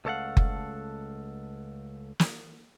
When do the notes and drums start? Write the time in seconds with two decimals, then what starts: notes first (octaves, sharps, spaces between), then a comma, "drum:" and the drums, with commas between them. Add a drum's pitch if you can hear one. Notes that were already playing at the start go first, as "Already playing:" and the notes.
0.05 C#2 A3 A4 C#5 F5 F#5
0.37 drum: kick F#1
2.20 drum: snare